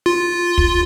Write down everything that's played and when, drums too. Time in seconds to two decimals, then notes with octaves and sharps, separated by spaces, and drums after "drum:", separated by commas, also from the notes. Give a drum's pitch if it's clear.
0.06 F4
0.58 drum: kick